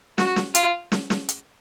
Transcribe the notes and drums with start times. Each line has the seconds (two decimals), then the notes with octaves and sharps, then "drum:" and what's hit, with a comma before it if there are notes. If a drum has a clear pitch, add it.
0.18 F#4, drum: snare
0.36 drum: snare
0.55 F4, drum: hi-hat
0.92 drum: snare
1.10 drum: snare
1.29 drum: hi-hat